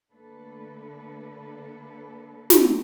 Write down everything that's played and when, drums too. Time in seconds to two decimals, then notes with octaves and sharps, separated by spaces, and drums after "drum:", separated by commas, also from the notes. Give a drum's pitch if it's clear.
0.11 D3 A3 A#3 D4 A4 B4
2.50 drum: snare